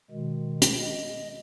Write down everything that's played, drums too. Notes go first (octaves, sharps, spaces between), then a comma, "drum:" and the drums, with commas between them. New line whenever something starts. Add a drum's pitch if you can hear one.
B2 D#3 G#3
drum: hi-hat
D#5